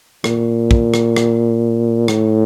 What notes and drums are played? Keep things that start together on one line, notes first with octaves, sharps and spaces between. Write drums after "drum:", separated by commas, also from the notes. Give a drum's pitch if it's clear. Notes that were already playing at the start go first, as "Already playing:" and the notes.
A#2, drum: rim click
drum: kick
drum: rim click
drum: rim click
A2, drum: rim click